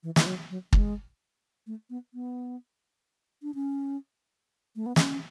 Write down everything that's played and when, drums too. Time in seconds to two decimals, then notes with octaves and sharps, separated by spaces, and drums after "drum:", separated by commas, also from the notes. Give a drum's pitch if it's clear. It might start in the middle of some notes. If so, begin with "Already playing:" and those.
0.03 E3
0.16 E3, drum: snare
0.26 F#3
0.50 F#3
0.73 G#3, drum: kick
1.67 A3
1.90 B3
2.14 B3
3.43 D4
3.55 C#4
4.76 A3
4.86 B3
4.96 C#4, drum: snare